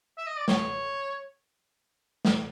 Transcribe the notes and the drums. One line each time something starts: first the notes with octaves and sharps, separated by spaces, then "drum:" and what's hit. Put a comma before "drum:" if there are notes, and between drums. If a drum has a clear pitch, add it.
E5
D#5
D5
C#5, drum: snare
drum: snare